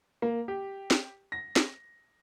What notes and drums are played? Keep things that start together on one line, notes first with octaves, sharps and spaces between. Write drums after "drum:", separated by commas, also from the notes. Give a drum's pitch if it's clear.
A#3
G4
drum: snare
A#6
drum: snare